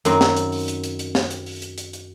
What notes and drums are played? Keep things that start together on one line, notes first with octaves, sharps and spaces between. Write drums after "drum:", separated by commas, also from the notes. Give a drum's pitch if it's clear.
F#2 D#3 C4 C5, drum: hi-hat
drum: snare
drum: hi-hat
drum: open hi-hat
drum: hi-hat
drum: hi-hat
drum: hi-hat
drum: snare
drum: hi-hat
drum: open hi-hat
drum: hi-hat
drum: hi-hat
drum: hi-hat